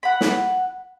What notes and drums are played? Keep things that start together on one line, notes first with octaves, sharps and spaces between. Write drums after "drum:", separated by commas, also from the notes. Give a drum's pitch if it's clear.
F#5 B5
drum: snare